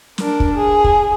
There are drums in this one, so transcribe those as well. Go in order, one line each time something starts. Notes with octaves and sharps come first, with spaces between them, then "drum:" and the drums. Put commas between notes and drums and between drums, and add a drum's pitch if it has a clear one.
D4 A#4, drum: snare
drum: kick
G#4
drum: kick